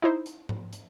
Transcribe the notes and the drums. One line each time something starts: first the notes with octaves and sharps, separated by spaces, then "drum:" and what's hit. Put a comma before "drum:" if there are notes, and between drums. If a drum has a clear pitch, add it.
D#4 E4 C5
drum: hi-hat
drum: tom G#2
drum: hi-hat